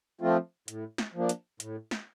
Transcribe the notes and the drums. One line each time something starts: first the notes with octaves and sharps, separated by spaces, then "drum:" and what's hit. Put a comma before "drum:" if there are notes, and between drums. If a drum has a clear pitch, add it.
F3 A3 C4 F4
A2, drum: hi-hat
drum: snare
F3 A#3 D4
drum: hi-hat
A2, drum: hi-hat
drum: snare